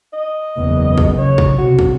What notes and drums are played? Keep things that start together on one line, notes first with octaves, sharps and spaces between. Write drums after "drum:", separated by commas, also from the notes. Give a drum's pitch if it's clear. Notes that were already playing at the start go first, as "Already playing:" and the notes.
D#5
F#1 E2
drum: kick
C#3 C#5
drum: kick
C3 F#4
drum: kick